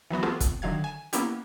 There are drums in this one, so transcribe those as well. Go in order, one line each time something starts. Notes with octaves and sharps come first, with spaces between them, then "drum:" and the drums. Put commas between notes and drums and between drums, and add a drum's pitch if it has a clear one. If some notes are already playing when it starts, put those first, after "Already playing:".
E3 F#3 B3 F#4
A3 B3 C4 F4 G4 G#4
drum: kick, hi-hat
D3 D#3 F#3 F5 G#6
G#5 E7
A#3 B3 C#4 E4 G4, drum: hi-hat